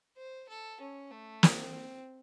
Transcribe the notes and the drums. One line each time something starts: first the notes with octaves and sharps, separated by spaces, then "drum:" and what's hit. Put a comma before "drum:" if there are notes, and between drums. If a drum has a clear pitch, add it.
C5
A4
C#4
A3
C4, drum: snare